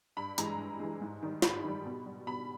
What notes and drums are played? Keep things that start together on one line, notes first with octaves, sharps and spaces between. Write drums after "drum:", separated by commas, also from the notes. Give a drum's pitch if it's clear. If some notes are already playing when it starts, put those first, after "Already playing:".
G2 B5
E3 G#3 A#5, drum: hi-hat
G2
E3 G#3
G#2
D#3 G3
G#2 B5, drum: snare
D#3 G3
B2
G3
B2 B5